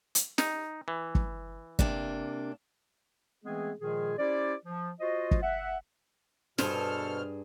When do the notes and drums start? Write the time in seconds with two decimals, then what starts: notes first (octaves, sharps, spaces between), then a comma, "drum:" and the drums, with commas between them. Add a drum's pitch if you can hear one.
0.15 drum: hi-hat
0.38 D#4, drum: snare
0.88 E3
1.15 drum: kick G1
1.79 C3 A#3 D4, drum: kick G1
3.44 E3 G#3 A3 B3 C4 G#4
3.79 A#2 D#3 F3 G#3 G#4
4.18 C#4 E4 G4 C5 D5
4.66 F3
5.00 F4 F#4 C5 D#5
5.31 drum: kick G1
5.42 E5 F#5
6.58 G2 B2 G#4 A4 C5 F6, drum: snare